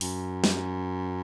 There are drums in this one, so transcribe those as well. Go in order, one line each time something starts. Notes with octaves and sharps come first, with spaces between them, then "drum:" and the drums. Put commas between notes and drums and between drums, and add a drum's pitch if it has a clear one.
F#2, drum: open hi-hat
drum: snare